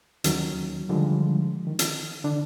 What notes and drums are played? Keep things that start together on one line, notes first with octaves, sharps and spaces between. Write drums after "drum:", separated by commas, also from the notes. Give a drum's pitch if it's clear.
D#2 D#3 F#3 C#4, drum: hi-hat
D3 D#3 F3 G3 G#3
D#3
drum: hi-hat
D3 D4